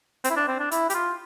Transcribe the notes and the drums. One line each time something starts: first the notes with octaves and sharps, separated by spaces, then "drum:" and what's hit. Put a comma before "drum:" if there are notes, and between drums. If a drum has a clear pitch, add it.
C4, drum: hi-hat
E4
D4
C4
D4
E4, drum: hi-hat
G4, drum: hi-hat
F4